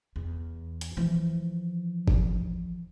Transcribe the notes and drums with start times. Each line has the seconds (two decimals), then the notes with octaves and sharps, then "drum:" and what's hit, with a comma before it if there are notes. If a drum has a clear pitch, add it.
0.16 E2
0.81 drum: hi-hat
0.97 E3 F3
2.08 drum: kick G1